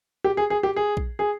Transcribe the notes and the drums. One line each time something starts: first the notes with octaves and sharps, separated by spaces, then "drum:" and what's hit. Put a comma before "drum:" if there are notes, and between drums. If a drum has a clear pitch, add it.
G4
G#4
G#4
G4
G#4
drum: kick A#1
G#4